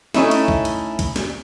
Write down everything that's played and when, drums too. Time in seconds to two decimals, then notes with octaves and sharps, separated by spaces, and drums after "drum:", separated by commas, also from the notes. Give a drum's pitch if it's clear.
0.14 A3 C#4 D#4 E4, drum: snare
0.31 drum: cymbal
0.48 drum: kick
0.65 drum: cymbal
0.99 drum: kick, cymbal
1.16 drum: snare